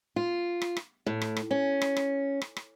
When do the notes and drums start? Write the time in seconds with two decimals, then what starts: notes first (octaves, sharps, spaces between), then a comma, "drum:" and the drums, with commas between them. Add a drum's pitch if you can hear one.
0.16 F4
0.61 drum: rim click
0.76 drum: rim click
1.06 A2
1.21 drum: rim click
1.36 drum: rim click
1.51 C#4
1.81 drum: rim click
1.96 drum: rim click
2.41 drum: rim click
2.56 drum: rim click